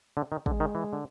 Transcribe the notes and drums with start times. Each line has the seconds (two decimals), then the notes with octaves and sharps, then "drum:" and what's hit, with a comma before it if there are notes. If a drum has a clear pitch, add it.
0.17 D3
0.32 D#3
0.46 D3 G#3, drum: kick
0.60 D#3
0.75 E3
0.93 D3